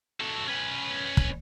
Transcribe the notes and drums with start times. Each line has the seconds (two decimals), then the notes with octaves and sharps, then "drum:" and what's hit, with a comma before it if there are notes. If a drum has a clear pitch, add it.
0.20 F#3 A4
0.48 C#4 B4
1.17 drum: kick